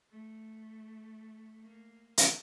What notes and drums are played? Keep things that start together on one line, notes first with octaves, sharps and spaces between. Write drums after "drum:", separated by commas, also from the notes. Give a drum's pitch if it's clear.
A3
A#3
drum: hi-hat